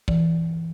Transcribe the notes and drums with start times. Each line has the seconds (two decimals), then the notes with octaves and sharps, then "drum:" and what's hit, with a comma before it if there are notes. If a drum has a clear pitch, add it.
0.08 E3, drum: kick